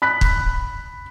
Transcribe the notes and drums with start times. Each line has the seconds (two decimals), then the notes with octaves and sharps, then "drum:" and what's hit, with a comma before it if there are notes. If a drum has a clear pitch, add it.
0.02 B5 F#6 B6
0.21 drum: kick